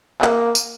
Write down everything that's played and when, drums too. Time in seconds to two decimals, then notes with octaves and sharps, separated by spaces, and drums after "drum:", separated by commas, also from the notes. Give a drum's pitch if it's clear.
0.22 A#3, drum: clap
0.55 drum: tambourine